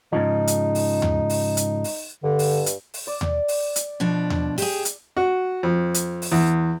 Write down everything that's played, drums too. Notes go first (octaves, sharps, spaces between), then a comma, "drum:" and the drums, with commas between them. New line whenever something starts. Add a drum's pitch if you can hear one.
G#2 C#3 F3 D#4
drum: hi-hat
drum: open hi-hat
drum: tom D#2
drum: open hi-hat
drum: hi-hat
drum: open hi-hat
G2 D3
drum: open hi-hat
drum: hi-hat
drum: open hi-hat
D5
drum: tom D#2
drum: open hi-hat
drum: hi-hat
B2 F3 D4
drum: tom D#2
G4 G#4, drum: open hi-hat
drum: hi-hat
F#4
F2
drum: hi-hat
drum: open hi-hat
E2